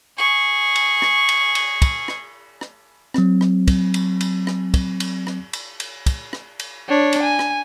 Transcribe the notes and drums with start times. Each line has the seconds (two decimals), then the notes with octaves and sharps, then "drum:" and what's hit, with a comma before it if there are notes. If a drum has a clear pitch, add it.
0.17 G#4 C#6
0.76 drum: cymbal
1.02 drum: rim click
1.29 drum: cymbal
1.55 drum: cymbal
1.82 drum: kick, cymbal
2.08 drum: rim click
2.61 drum: rim click
3.14 F#3 C4, drum: rim click
3.41 drum: rim click
3.68 drum: kick, cymbal
3.94 drum: cymbal
4.21 drum: cymbal
4.47 drum: rim click
4.74 drum: kick, cymbal
5.00 drum: cymbal
5.27 drum: rim click
5.53 drum: cymbal
5.80 drum: cymbal
6.06 drum: kick, cymbal
6.33 drum: rim click
6.60 drum: cymbal
6.89 D4 C#5
7.13 drum: cymbal
7.23 G#5
7.39 drum: rim click